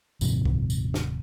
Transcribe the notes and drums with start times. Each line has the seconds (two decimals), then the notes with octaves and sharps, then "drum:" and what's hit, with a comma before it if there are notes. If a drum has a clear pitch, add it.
0.21 D#1 G#2 C3 F3, drum: tambourine
0.45 drum: kick C2
0.70 drum: tambourine
0.94 drum: snare